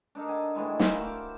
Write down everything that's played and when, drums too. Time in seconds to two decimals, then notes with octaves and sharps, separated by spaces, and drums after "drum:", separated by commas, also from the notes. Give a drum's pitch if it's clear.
0.15 D4 D#4 A4 A#4
0.28 F#5 G#5 A5
0.55 A2 D#3 E3 G#3
0.80 A#4 C5 E5 F5, drum: snare
1.01 F#4 D6